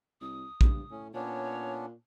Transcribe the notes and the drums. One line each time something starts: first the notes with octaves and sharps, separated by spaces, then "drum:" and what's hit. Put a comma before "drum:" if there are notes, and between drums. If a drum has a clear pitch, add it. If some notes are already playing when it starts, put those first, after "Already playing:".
C2 D#6
G2, drum: kick
A2 C#4
A#2 B3 C#4 D4 C#5